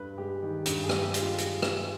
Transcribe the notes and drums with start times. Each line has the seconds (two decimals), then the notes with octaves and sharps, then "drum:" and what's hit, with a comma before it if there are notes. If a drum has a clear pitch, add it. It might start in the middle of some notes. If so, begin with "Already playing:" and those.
Already playing: G2 B4
0.18 G#3 G4
0.42 D#3 G4
0.66 G2 G4, drum: hi-hat
0.83 G#4
0.89 G2, drum: rim click
1.02 G4
1.14 G#3, drum: hi-hat
1.20 F4
1.38 drum: hi-hat
1.62 drum: rim click